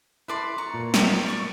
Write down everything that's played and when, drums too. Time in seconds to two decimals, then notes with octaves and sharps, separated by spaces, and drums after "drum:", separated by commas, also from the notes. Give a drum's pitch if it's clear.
0.28 E4 A4 B4 D5 C6
0.58 A#5 C#6
0.74 A#2
0.94 drum: snare
1.26 D5 C#6 D6